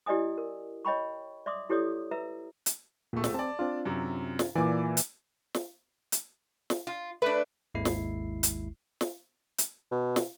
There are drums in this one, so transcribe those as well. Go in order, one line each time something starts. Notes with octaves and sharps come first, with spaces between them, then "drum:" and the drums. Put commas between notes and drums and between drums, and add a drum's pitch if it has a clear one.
E4 G4 D5 D#5 G#5 D#6
A#4
C#5 D#5 G5 B5 C#6
D5 E5 C6 D6 D#6
E4 G4 A4 C#5 D5 D#6
B4 E5 A#5 E6
drum: hi-hat
D1 A#2 A3 C#6
drum: snare
C4 D5 A5
C4 D4 F4
F#2 C3
drum: snare
A#2 E3 D5 G#5 D6
drum: hi-hat
drum: snare
drum: hi-hat
drum: snare
F4
A3 D4 B4
G#1 D#2 G#3 E4 C7
drum: snare
drum: hi-hat
drum: snare
drum: hi-hat
B2
drum: snare